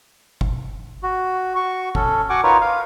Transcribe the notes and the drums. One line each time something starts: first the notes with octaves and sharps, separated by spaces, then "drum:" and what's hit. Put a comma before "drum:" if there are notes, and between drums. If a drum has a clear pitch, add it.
drum: kick G1
F#4
F#4 C#6
C#4 A4, drum: kick G1
F#4 F#5 G#5 C#6 D6
D#4 F4 A#4 B4 C#5
F5